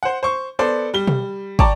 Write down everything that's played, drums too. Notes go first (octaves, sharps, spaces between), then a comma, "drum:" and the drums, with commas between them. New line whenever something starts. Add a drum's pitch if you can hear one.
C5 F#5
C5 C#6
B3 A4 C5 D5
G3 G7
drum: tom B2
D5 G5 A5 A#5 C#6 D6, drum: kick